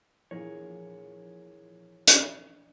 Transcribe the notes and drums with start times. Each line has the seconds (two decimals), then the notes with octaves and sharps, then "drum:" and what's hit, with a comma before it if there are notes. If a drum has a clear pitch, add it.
0.31 A#1 E2 F4 G#4 A#4 C#5
2.07 drum: hi-hat